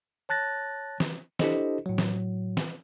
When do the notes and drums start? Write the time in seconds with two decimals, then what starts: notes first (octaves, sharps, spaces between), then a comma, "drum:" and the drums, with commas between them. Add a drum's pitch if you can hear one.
0.29 C#5 A5 F#6 A6 A#6
1.00 drum: snare
1.39 D4 E4 G4 A4 C5 D#5, drum: snare
1.86 A2 F#3
1.98 drum: snare
2.57 drum: snare